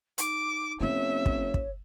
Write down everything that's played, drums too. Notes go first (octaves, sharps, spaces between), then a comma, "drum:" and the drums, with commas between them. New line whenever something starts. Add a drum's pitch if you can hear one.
D#4 D6, drum: hi-hat
F#1 B3 C4 C#5 E5
drum: kick
drum: kick